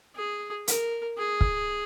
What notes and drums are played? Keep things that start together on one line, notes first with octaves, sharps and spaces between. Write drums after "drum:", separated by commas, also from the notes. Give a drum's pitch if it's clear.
G#4
A#4, drum: hi-hat
G#4
drum: kick